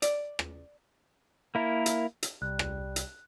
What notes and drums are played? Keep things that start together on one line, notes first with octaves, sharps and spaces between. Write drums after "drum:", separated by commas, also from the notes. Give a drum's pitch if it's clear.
D5, drum: hi-hat
drum: rim click
A#3 E4 A#4
drum: hi-hat
drum: hi-hat
C2 G3 F#6
drum: rim click
drum: hi-hat